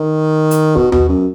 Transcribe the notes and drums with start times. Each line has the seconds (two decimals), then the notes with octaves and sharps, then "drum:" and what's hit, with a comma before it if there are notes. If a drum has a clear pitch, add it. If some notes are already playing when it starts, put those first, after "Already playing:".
Already playing: D#3
0.51 drum: hi-hat
0.76 B2, drum: kick
0.92 B2, drum: tom D#2
1.09 F#2